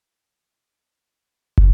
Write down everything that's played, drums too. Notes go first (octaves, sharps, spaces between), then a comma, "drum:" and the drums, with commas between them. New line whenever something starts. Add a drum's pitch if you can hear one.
A3 A4 F5
drum: kick